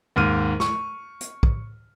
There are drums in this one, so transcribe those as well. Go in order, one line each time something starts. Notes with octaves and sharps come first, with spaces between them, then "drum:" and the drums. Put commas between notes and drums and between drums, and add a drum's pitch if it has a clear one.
D#2 G#2 F6 D#7
C#6, drum: snare
drum: hi-hat
drum: kick